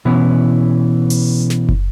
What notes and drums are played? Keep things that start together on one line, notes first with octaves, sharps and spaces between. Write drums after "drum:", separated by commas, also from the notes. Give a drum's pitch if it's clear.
B2 E3 B3 C#4 E4
drum: open hi-hat
drum: snare
drum: kick